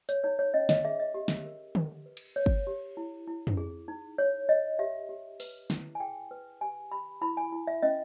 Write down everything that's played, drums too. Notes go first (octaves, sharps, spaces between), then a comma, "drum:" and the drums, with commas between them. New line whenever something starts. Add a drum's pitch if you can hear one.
C#5, drum: hi-hat
D#4 C#5
C#5
C#4 D#5
D#5, drum: snare
G#4 E5
D#5
G4
drum: snare
A#4
G4, drum: tom D3
B4
drum: cymbal
B4 C#5
drum: kick
G4
E4
E4
drum: tom
G#4
D#4
C#5
C#5 D#5
G4 E5
G4
B4, drum: open hi-hat
E4, drum: snare
G#5
G#4 G5
B4
G4 G#5
G4 B5
E4 B5
G#5
E4
E5
C#4 D#5